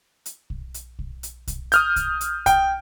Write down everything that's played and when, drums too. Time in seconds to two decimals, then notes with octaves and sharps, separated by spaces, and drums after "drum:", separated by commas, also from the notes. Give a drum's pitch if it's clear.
0.26 drum: hi-hat
0.50 drum: kick
0.74 drum: hi-hat
0.99 drum: kick
1.23 drum: hi-hat
1.47 drum: kick, hi-hat
1.72 D#6 F6 G6, drum: hi-hat
1.96 drum: kick, hi-hat
2.21 drum: hi-hat
2.46 G5, drum: kick, hi-hat